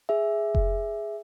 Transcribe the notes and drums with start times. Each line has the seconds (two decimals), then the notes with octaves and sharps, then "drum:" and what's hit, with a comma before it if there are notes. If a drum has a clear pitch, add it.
0.09 G#4 E5
0.55 drum: kick F1